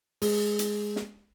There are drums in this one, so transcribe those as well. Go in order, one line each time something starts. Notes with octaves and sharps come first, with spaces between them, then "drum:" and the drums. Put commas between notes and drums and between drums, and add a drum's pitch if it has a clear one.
G#3, drum: open hi-hat
drum: hi-hat
drum: snare